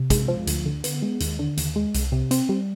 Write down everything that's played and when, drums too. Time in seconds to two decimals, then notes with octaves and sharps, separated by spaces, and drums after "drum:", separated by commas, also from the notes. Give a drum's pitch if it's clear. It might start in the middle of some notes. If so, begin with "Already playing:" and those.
Already playing: C3
0.10 G#3, drum: kick, hi-hat
0.28 F3
0.47 D2, drum: hi-hat
0.66 D3
0.84 B3, drum: hi-hat
1.02 G#3
1.20 D#2, drum: hi-hat
1.39 D3
1.57 D#2, drum: hi-hat
1.76 G#3
1.94 C2, drum: hi-hat
2.12 C3
2.31 C4, drum: hi-hat
2.49 G3